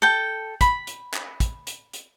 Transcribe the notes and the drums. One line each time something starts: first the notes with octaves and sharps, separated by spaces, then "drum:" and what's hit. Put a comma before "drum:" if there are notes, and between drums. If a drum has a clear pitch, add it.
A4 G5
B5, drum: kick, hi-hat
drum: hi-hat
drum: clap
drum: kick, hi-hat
drum: hi-hat
drum: hi-hat